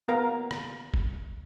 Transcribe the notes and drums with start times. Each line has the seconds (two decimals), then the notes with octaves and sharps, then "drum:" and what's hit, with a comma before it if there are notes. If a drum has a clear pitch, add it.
0.08 A#3 B3 A#4 F5 A#5
0.51 drum: rim click
0.94 drum: kick